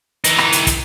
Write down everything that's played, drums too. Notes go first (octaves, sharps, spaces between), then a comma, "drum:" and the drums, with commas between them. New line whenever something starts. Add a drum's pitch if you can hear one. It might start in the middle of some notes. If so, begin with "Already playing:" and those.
E3 D#4, drum: hi-hat
drum: rim click
drum: hi-hat
drum: kick, hi-hat